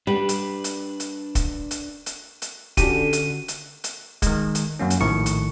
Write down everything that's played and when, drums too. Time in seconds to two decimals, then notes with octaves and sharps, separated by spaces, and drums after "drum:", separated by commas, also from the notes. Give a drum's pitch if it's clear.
0.07 G3 D4 B4
0.29 drum: hi-hat
0.64 drum: hi-hat
1.00 drum: hi-hat
1.35 drum: kick, hi-hat
1.71 drum: hi-hat
2.06 drum: hi-hat
2.42 drum: hi-hat
2.77 D3 C#4 D4 F#4 G4 D#7, drum: kick, hi-hat
3.13 drum: hi-hat
3.48 drum: hi-hat
3.84 drum: hi-hat
4.22 D#3 G#3, drum: kick, hi-hat
4.55 drum: hi-hat
4.79 F#2 F#3 A#3 C#4
4.90 drum: hi-hat
5.01 A#1 A2 D#3 C#6 C#7
5.26 drum: hi-hat